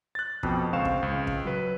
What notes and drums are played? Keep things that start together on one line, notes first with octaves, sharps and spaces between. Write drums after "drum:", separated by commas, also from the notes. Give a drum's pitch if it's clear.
F#6 A6
F2 B2 G5, drum: kick
C#2 C4 F5 C#6 E7
drum: kick
C#2
drum: kick
F#3 B4